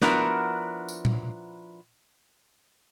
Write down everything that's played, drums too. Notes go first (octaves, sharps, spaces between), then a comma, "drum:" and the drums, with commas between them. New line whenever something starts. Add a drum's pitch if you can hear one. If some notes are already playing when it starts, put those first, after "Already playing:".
F3 B3 D4 E4 F#4 A#4, drum: snare
drum: tambourine
drum: tom A#2